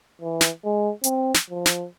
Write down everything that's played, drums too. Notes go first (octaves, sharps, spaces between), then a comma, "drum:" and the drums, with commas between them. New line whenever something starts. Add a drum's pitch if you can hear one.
E3
drum: snare
G#3
C4, drum: hi-hat
drum: snare
F3
drum: snare